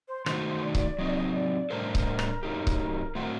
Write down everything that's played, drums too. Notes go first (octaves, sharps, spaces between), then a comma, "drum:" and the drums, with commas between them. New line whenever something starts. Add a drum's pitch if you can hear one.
C5
D#3 F#3 A3 D#4 F#4 C5, drum: rim click
D5
drum: kick C#1
F#3 C4 D#4 D#5
D5
D#5
D5
A2 G3 D4 A4 A#4 C5
drum: kick C#1
drum: rim click
F#2 F#3 A3 D#4 G4
drum: kick C#1
A2 A3 C4 F#4 C5
A#4